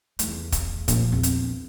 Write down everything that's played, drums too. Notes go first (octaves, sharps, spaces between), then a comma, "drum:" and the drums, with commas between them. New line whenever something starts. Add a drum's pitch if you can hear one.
E2 A3, drum: hi-hat
drum: kick, hi-hat
A#1, drum: kick, hi-hat
E2 C4
drum: hi-hat